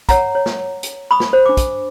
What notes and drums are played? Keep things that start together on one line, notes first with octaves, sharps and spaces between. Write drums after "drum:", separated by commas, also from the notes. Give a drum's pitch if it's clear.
C#5 F#5 A#5, drum: kick, hi-hat
C#5
drum: snare
drum: hi-hat
B5 C#6 D#6
drum: snare
C5
D4 D6
drum: kick, hi-hat